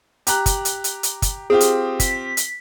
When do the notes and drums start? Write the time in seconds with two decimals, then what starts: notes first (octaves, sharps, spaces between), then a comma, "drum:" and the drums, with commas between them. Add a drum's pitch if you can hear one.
0.27 G4 A#5 F#6, drum: hi-hat
0.46 drum: kick, hi-hat
0.65 drum: hi-hat
0.84 drum: hi-hat
1.03 drum: hi-hat
1.22 drum: kick, hi-hat
1.50 C4 F4 G4 G#4
1.61 drum: hi-hat
2.00 B6, drum: kick, hi-hat
2.37 drum: hi-hat